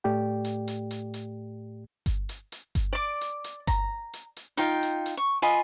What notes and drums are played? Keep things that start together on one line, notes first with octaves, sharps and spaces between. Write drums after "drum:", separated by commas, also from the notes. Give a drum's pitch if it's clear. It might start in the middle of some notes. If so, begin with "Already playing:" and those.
A2 A3 G4 D5 G5
drum: hi-hat
drum: hi-hat
drum: hi-hat
drum: hi-hat
drum: kick G1, hi-hat
drum: hi-hat
drum: hi-hat
drum: kick G1, hi-hat
D5 D6
drum: hi-hat
drum: hi-hat
A#5, drum: kick G1, hi-hat
drum: hi-hat
drum: hi-hat
D#4 F4 G5, drum: hi-hat
drum: hi-hat
drum: hi-hat
C#6
F4 D#5 G#5 B5